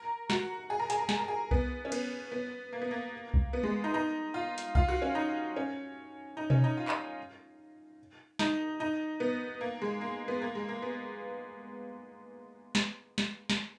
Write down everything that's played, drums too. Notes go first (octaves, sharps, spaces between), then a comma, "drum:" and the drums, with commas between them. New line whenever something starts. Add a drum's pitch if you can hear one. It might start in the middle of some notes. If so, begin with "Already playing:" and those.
Already playing: A#4
F#4, drum: snare
G#4
A#4
G#4, drum: hi-hat
A#4
G#4, drum: snare
A#4
G#4
B3, drum: kick C2
C#4
B3, drum: cymbal
B3
A#3
B3
A#3
drum: kick C2
B3
G#3, drum: tom G#3
D#4
D#4
F4
drum: hi-hat
F4, drum: kick C2
F#4
C#4
D#4
C#4
D#4
C#4, drum: tom B2
D#4
F4
drum: clap
D#4, drum: snare
D#4
B3
A#3
G#3
A#3
B3
A#3
G#3
A#3
B3
drum: snare
drum: snare
drum: snare